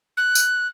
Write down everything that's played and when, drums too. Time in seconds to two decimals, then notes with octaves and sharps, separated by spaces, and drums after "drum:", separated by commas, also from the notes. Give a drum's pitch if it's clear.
0.17 F#6
0.35 drum: tambourine